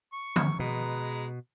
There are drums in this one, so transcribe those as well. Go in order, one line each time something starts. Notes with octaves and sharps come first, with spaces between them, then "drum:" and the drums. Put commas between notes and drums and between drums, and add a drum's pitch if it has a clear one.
C#6
drum: tom D3
B2 G#3 B4 A#5